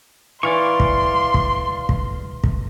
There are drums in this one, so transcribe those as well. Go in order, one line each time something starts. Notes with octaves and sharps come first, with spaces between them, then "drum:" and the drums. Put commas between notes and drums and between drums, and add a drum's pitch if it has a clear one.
E3 D5 F5 C6 C#6
drum: kick
drum: kick
drum: kick
drum: kick